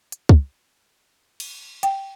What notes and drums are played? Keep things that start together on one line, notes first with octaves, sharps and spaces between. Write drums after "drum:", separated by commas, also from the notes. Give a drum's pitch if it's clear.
drum: hi-hat
drum: kick
drum: cymbal
G5, drum: hi-hat